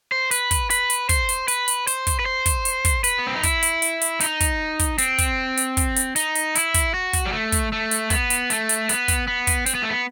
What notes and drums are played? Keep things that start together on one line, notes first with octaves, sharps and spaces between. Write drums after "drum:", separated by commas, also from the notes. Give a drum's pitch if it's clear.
C5
B4, drum: hi-hat
drum: kick, hi-hat
B4, drum: hi-hat
drum: hi-hat
C5, drum: kick, hi-hat
drum: hi-hat
B4, drum: hi-hat
drum: hi-hat
C5, drum: hi-hat
drum: kick, hi-hat
B4
C5
drum: kick, hi-hat
drum: hi-hat
drum: kick, hi-hat
B4, drum: hi-hat
B3
C4
D#4
E4, drum: kick, hi-hat
drum: hi-hat
drum: hi-hat
drum: hi-hat
D#4, drum: hi-hat
drum: kick, hi-hat
drum: kick, hi-hat
C4, drum: hi-hat
drum: kick, hi-hat
drum: hi-hat
drum: kick, hi-hat
drum: hi-hat
D#4, drum: hi-hat
drum: hi-hat
E4, drum: hi-hat
drum: kick, hi-hat
F#4
drum: kick, hi-hat
G3
A3
drum: kick, hi-hat
A3
drum: hi-hat
B3, drum: kick, hi-hat
drum: hi-hat
A3, drum: hi-hat
drum: hi-hat
B3, drum: hi-hat
drum: kick, hi-hat
B3
drum: kick, hi-hat
C4, drum: hi-hat
B3
A3
B3